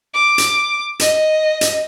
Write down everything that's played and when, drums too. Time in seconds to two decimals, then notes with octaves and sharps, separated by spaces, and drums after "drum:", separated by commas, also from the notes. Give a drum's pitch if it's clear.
0.14 D6
0.38 drum: hi-hat
0.99 D#5, drum: hi-hat
1.61 drum: hi-hat